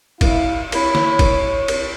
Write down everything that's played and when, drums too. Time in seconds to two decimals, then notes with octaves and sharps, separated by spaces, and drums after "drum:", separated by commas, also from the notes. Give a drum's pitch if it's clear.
0.21 E4 F5, drum: kick G#1, cymbal
0.72 E4 C#5, drum: cymbal
0.95 drum: snare
1.19 drum: kick G#1, cymbal
1.68 drum: cymbal